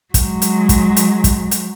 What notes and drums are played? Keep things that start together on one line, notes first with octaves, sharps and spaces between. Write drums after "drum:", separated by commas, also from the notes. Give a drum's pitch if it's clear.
F#3 G#3, drum: kick, hi-hat
drum: hi-hat
drum: kick, hi-hat
drum: hi-hat
drum: kick, hi-hat
drum: hi-hat